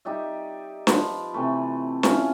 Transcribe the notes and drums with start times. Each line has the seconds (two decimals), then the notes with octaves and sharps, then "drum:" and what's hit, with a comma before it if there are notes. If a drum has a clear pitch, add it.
0.05 D#4 G4 D5 E5
0.87 F3 B4 C6, drum: snare
1.33 C3 E3 A3 B5
2.03 B3 C#4 E4 F4, drum: snare